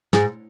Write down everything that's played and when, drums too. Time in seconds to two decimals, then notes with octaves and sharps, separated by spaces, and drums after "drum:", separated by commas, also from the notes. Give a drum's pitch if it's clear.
0.13 G#2, drum: snare